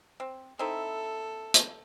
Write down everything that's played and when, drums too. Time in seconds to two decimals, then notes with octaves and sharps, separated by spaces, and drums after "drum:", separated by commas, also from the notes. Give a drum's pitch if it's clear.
0.20 C4
0.59 C4 D#4 E4 A4
1.54 drum: hi-hat